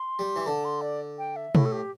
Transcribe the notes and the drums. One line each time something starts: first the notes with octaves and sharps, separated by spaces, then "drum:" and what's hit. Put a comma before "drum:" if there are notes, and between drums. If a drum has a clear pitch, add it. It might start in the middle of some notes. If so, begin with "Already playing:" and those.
Already playing: C6
G3
E3
D3 A5
C6
D5
G5
E5
A2 E4, drum: tom
A4
G4